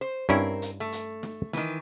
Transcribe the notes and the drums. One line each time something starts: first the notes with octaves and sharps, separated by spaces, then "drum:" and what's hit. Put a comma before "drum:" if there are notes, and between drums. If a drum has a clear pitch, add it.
C5
G2 C4 C#4 E4 A#4
drum: hi-hat
A3
drum: hi-hat
drum: snare
D#3 E3, drum: snare